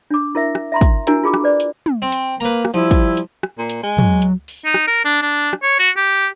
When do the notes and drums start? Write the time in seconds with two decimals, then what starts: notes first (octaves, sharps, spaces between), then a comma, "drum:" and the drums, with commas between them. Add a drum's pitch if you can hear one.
0.11 D4 D6
0.35 E4 A#4 E5
0.55 drum: rim click
0.72 E5 A#5 C6
0.81 drum: kick, hi-hat
1.07 D4 E4 F#4 A#4 G#5 A#5, drum: hi-hat
1.24 F4 G#4 D6
1.34 drum: rim click
1.44 B4 D5
1.60 drum: hi-hat
1.86 drum: tom
2.02 C4
2.12 drum: hi-hat
2.40 A#3 B4 A#5, drum: open hi-hat
2.65 drum: rim click
2.74 F3 G3 E4
2.91 drum: kick, hi-hat
3.17 drum: hi-hat
3.43 drum: rim click
3.59 A#2
3.70 drum: hi-hat
3.83 G#3
3.98 F#3, drum: tom
4.22 drum: hi-hat
4.48 drum: open hi-hat
4.65 D#4
4.74 drum: rim click
4.87 A#4
5.05 D4
5.22 D4
5.53 drum: rim click
5.63 C#5
5.79 F#4
5.97 G4